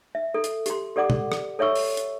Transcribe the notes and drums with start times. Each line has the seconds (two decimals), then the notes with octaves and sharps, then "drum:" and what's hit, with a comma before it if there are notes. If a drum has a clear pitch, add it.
0.15 E5
0.34 A4
0.44 drum: hi-hat
0.66 G4 C6, drum: hi-hat
0.96 G4 A4 D5 F#5 D6
1.10 drum: tom
1.32 drum: rim click
1.59 A4 C#5 E5 C#6 E6
1.75 drum: open hi-hat
1.97 drum: hi-hat